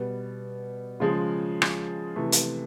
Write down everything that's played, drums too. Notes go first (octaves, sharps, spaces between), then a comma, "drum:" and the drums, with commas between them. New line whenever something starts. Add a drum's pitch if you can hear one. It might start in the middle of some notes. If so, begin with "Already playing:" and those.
Already playing: B2 G3 B3
C#3 F3 G#3
drum: rim click
C3 E3 A3
drum: hi-hat